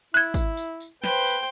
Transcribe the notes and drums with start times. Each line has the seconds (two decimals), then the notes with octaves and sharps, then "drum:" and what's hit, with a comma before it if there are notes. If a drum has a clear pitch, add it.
0.14 E4 F#6 G#6
0.34 drum: kick, tambourine
0.57 drum: tambourine
0.80 drum: tambourine
1.04 B4 C5 G5, drum: snare
1.27 drum: tambourine